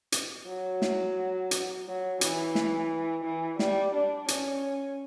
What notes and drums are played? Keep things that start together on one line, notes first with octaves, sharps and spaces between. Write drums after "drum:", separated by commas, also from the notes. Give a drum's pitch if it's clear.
drum: hi-hat
F#3
drum: snare
drum: hi-hat
F#3
E3, drum: hi-hat
drum: snare
E3
G3, drum: snare
D4
C#4, drum: hi-hat